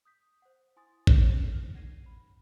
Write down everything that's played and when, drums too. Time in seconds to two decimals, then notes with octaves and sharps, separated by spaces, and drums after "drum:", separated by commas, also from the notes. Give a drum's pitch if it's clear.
0.05 D#6 G6 B6
0.42 C5 F#5
0.76 E4 G#5 C6 D#6 A6
1.07 drum: kick
1.52 A#4 F6
1.74 D#4 F#5 G#6 A#6 C7 D#7
2.06 B5